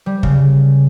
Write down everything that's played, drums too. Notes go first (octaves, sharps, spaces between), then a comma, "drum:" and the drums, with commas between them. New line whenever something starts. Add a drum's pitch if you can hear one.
G3
C#3, drum: kick